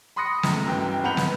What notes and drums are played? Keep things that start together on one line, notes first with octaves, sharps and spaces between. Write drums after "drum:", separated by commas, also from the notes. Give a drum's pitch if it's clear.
B5 C6 D#6 F#6 A#6 C#7
C#2 A3 A#5, drum: snare
G1 F#2 E3 G5
G#1 B3 F#5 B5 G6 F7
drum: snare